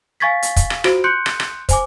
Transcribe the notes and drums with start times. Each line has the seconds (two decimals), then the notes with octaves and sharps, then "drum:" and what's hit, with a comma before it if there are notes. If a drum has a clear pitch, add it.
0.20 F5 G#5 C#6 G#6 A6 B6
0.43 drum: hi-hat
0.56 drum: kick, hi-hat
0.70 drum: rim click
0.84 F4 F#4 C5 D7, drum: rim click
1.04 C6 F#6 G6 C#7 D7
1.26 drum: rim click
1.40 drum: rim click
1.69 C5 G#5 D6, drum: kick, hi-hat